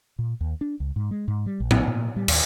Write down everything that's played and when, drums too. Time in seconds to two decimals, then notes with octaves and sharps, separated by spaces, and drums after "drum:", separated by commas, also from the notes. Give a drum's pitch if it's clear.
0.19 A#2
0.41 D#2
0.61 D4
0.80 C#2
0.96 G#2
1.11 G#3
1.28 G#2
1.46 G3
1.60 A#1
1.71 drum: tom A2
1.88 A#2
2.16 G3
2.28 D#2, drum: cymbal